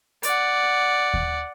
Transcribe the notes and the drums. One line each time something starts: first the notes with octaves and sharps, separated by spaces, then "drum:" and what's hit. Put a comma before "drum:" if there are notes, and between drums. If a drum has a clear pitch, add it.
D5 F#5, drum: hi-hat
drum: kick D#2